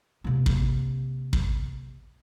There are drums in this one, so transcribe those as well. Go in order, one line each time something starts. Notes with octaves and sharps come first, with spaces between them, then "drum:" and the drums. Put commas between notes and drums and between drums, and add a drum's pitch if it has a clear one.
C3 A#3
drum: kick
drum: kick